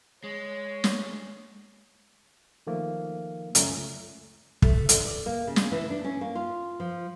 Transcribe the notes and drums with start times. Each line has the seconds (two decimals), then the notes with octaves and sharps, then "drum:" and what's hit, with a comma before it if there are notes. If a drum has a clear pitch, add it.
0.24 G#3 C#5
0.84 drum: snare
2.67 D#3 F3 A3 A#3
3.55 C#2 F#2 A3 C#4 A#5, drum: hi-hat
4.62 A3, drum: kick
4.89 D3, drum: hi-hat
5.05 D5
5.26 A#3
5.47 C#3
5.56 drum: snare
5.71 E3
5.90 D4
6.04 C#4
6.21 A#3
6.35 F4
6.80 F3